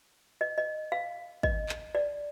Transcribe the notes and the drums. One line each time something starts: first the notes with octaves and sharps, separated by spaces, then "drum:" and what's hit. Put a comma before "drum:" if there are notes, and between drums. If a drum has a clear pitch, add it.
D#5
D#5
F5
D#5, drum: kick
drum: clap
D5